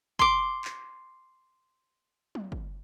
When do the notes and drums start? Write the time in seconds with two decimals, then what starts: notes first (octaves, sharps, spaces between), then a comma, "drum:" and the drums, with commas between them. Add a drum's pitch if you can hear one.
0.19 C6 D6, drum: kick
0.65 drum: clap
2.35 drum: tom F#3
2.52 drum: kick